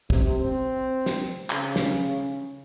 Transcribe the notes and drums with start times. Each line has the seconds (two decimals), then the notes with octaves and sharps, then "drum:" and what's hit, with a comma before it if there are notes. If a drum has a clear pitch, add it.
0.10 C3, drum: kick
0.40 C4
1.06 drum: snare
1.50 C#3, drum: clap
1.76 drum: snare